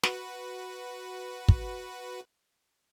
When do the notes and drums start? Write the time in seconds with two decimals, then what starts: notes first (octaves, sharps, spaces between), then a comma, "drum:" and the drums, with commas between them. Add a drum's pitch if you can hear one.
0.03 F#4 B4, drum: snare
1.48 drum: kick